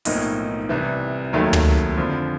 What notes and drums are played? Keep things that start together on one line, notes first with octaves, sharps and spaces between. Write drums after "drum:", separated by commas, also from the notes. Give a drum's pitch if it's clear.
B1 A2 F3 A#3 D#4, drum: open hi-hat
drum: hi-hat
C2 C3 E3
F1 D#2 D#3 F#3 A3
drum: tom
F2 D3 F3